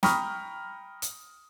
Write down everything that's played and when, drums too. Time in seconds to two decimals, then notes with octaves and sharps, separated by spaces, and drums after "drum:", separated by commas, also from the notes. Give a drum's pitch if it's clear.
0.03 G5 A#5 B5 C#6 D#6 F6, drum: snare
1.02 drum: hi-hat